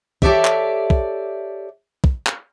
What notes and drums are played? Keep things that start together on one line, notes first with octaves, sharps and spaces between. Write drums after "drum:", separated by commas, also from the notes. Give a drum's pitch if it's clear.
G4 A4 B4 C#5 D5 E5, drum: kick
drum: clap
drum: kick
drum: kick
drum: clap